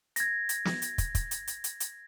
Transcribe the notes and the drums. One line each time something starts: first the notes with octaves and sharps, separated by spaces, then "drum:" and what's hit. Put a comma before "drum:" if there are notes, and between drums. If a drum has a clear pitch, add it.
G#6 A#6, drum: hi-hat
drum: hi-hat
drum: snare
drum: hi-hat
drum: kick, hi-hat
drum: kick, hi-hat
drum: hi-hat
drum: hi-hat
drum: hi-hat
drum: hi-hat